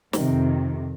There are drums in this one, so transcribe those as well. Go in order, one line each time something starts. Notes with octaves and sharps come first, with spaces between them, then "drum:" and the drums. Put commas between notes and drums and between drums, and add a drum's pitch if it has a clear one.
F2 C3 D#3, drum: snare